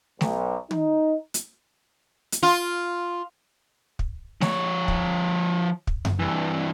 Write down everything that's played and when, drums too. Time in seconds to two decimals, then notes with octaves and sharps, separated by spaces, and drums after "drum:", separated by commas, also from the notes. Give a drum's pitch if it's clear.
0.21 B1, drum: snare
0.71 D#4, drum: tom
1.34 drum: hi-hat
2.32 drum: hi-hat
2.43 F4
3.99 drum: kick
4.41 F3 C#5, drum: snare
4.88 drum: kick
5.87 drum: kick
6.05 drum: tom F#2
6.20 G2 E3